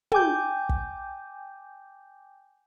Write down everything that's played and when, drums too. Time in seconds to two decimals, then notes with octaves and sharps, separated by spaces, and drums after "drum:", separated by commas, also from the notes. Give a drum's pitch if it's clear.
0.12 G5 G#5 D6 G6, drum: tom
0.69 drum: kick